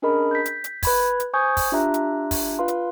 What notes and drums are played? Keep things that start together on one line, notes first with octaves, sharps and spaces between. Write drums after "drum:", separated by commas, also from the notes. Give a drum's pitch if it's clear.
C#4 D4 G#4 A#4 D#5 B5
G6 B6
drum: hi-hat
drum: hi-hat
B4 B5 G#6, drum: kick, open hi-hat
drum: hi-hat
C5 G#5 C#6 D#6 G6 G#6
drum: kick, open hi-hat
D4 F4 G4 E5 A#5 F#6
drum: hi-hat
drum: kick, open hi-hat
F4 B4 F5 C6
drum: hi-hat